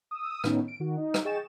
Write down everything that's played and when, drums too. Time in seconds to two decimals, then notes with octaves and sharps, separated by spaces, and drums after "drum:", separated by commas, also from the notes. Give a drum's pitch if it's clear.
0.11 D#6 E6
0.44 A2 D#3 B3 C#4 D#4, drum: rim click
0.68 D7
0.80 D#3 F#4
0.97 D#4
1.14 drum: rim click
1.25 G#4 D#5 G5 C#6 A6 E7